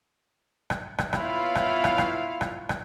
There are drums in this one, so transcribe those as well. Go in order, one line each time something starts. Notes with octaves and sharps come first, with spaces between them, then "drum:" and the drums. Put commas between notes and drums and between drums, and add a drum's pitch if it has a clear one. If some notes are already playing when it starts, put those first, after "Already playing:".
drum: rim click
drum: rim click
B3 E4 F4 C#5 F5, drum: rim click
drum: rim click
drum: rim click
drum: rim click
drum: rim click
drum: rim click